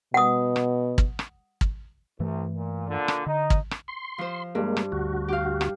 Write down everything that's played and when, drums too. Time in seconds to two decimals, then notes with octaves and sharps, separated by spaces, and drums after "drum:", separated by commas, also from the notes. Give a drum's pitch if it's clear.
0.14 B2 F#5 D#6
0.56 drum: rim click
0.98 drum: kick
1.19 drum: rim click
1.61 drum: kick
2.20 C2 G2 E3 A3
2.55 A#2
2.87 A#2 D3
3.08 drum: rim click
3.27 D3 D#4
3.50 drum: kick
3.71 drum: rim click
3.88 C6
4.18 F3 C5
4.55 G2 G#3 A#3
4.77 drum: rim click
4.92 D2 F#4
5.28 G4 F5
5.61 drum: rim click